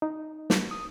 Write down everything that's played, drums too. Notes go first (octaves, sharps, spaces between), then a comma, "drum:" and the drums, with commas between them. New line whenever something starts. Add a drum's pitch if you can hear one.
D#4
drum: snare
D#6